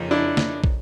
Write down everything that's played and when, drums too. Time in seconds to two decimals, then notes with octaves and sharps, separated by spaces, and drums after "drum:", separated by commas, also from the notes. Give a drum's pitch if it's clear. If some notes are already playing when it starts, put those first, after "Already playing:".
Already playing: F2 C#3 F3 A#3 D#4
0.11 D4 E4
0.37 drum: snare
0.64 drum: kick